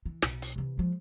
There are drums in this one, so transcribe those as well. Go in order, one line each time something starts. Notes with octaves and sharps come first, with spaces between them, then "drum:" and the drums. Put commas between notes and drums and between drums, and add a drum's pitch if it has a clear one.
E3
B1, drum: snare
drum: hi-hat
C3 E3
F3 G#3